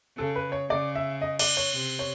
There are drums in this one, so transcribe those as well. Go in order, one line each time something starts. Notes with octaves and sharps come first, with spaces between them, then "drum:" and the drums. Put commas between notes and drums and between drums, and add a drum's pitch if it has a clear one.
C#3 A4
B4
C#5
C#3 D5
E5
D#5
D5, drum: cymbal
C#5
C3
C#5